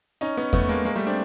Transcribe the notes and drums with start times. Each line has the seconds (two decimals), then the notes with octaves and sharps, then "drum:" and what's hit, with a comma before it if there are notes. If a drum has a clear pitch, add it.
0.21 C#4 D#4
0.37 B3 C#4
0.53 A3 B3, drum: kick E2
0.69 G#3 A#3
0.85 G#3 A#3
0.96 G3 A3
1.06 C4 D4